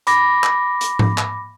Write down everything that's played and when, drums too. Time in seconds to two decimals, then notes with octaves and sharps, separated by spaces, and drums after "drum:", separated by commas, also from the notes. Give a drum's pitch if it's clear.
0.07 B5 D6 A#6, drum: hi-hat
0.44 drum: clap
0.81 drum: hi-hat
0.99 drum: tom G#2
1.18 drum: clap